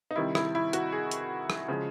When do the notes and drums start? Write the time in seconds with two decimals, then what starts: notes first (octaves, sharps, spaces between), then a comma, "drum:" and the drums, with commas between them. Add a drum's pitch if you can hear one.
0.11 D#4
0.16 C3 D#3 G3 E4
0.35 E4, drum: rim click
0.55 E4
0.73 F#4, drum: hi-hat
0.92 G#4
1.11 drum: hi-hat
1.50 drum: rim click
1.68 C#3 F3 G#3